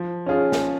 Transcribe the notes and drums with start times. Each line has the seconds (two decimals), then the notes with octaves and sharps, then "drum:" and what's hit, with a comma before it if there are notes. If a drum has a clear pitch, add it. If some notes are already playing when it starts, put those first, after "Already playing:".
Already playing: F3
0.26 C#4 F4 G#4
0.52 drum: snare